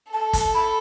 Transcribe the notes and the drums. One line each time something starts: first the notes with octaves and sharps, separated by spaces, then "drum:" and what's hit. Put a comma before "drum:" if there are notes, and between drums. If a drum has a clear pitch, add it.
A4 A5
A5, drum: kick, hi-hat
B5